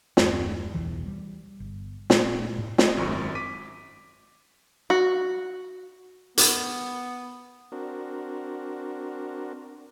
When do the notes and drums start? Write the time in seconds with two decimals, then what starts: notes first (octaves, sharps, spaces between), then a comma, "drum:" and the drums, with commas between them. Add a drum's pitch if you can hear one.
0.17 E2 G2, drum: snare
0.74 D1 B1 E2 E3
1.06 G3
1.60 G1
2.10 A#2 G#3, drum: snare
2.58 A2
2.78 G4 D#5, drum: snare
2.97 G#1 F#2 C4 C#6
3.35 D6 B6 D#7
4.90 F#4
6.38 B3, drum: hi-hat
7.72 C4 D4 F#4 A#4